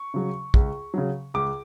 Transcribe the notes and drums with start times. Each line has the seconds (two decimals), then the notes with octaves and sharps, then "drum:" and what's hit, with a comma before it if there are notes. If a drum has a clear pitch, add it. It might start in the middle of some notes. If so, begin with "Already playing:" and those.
Already playing: C#6
0.14 C#3 F#3
0.54 C#2, drum: kick
0.94 C#3 F#3
1.34 C#2 D6